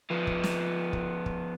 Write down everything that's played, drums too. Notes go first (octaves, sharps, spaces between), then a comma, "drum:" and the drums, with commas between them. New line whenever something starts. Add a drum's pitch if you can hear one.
F3 B3
drum: kick
drum: snare
drum: kick
drum: kick